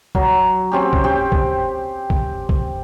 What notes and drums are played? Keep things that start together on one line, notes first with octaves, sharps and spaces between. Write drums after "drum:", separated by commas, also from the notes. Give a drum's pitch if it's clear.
F#3, drum: kick B1
C4 C#4 G4
drum: kick B1
C4 G4 G5
drum: kick B1
drum: kick B1
drum: kick B1